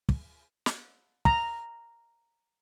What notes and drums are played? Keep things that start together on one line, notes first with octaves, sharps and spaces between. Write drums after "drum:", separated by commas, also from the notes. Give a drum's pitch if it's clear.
drum: kick
drum: snare
A#5, drum: kick